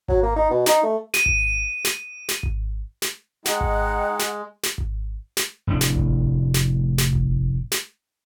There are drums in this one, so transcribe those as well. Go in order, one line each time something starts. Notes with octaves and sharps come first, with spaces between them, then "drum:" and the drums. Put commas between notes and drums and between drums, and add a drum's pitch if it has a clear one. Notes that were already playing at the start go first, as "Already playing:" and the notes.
F#3, drum: kick G#1
A#3
D#4
B2
D#4, drum: snare
A3
D#7, drum: snare
drum: kick G#1
drum: snare
drum: snare
drum: kick G#1
drum: snare
G#3 D#4 F#5 G5, drum: snare
drum: kick G#1
drum: snare
drum: snare
drum: kick G#1
drum: snare
F1 A2 A3 D4
drum: snare
drum: kick G#1
drum: snare
drum: snare
drum: kick G#1
drum: snare